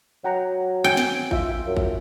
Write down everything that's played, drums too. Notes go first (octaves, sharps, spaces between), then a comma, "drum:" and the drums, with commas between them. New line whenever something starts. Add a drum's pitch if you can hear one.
F#3 F#5 G5 A#5
G5 G#5
drum: snare
F4 E5, drum: kick G#1
F#2
drum: kick G#1